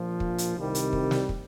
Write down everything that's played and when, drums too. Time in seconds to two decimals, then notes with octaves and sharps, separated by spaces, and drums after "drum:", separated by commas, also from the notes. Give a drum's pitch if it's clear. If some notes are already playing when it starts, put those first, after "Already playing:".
Already playing: A#1 A#2 F3
0.20 drum: kick
0.38 drum: hi-hat
0.56 C2 C3 D#3 G3
0.75 drum: hi-hat
0.93 drum: kick
1.11 drum: snare
1.29 drum: kick